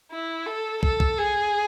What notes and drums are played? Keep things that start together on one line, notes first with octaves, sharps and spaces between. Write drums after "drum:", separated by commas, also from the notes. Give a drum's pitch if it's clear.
E4
A4
A4, drum: kick
drum: kick
G#4